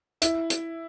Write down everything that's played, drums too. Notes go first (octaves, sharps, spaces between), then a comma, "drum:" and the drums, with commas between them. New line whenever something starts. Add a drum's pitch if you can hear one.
E4, drum: hi-hat
drum: hi-hat